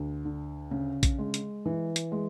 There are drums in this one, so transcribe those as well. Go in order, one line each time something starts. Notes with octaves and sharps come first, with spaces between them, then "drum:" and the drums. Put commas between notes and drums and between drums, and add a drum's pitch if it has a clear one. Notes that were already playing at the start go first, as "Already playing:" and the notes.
Already playing: D2
D3
C#3
drum: kick, hi-hat
G#3
drum: hi-hat
E3
drum: hi-hat
G#3